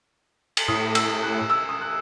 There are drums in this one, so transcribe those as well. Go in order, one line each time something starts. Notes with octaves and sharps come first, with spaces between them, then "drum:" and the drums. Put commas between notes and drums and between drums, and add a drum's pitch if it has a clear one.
drum: cymbal
A2 D#6
E6, drum: cymbal
F#6
E6
D#6
F#6